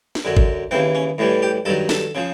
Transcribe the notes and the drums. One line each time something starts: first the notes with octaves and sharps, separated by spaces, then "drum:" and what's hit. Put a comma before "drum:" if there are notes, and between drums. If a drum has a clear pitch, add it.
drum: snare
F#2 D3 F#3
drum: kick
D#2 C#3 E3 C4
C#4
A2 E3 G3
G4
G2 D#3 F#3 A4
A4, drum: snare
C#3 F3